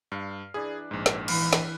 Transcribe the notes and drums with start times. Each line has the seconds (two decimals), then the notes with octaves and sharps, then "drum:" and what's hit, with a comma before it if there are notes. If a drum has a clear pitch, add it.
0.12 G2 F5
0.54 E3 D4 G#4
0.91 A#1 G#2
1.06 drum: snare
1.28 E3 B4 F5, drum: cymbal
1.53 drum: snare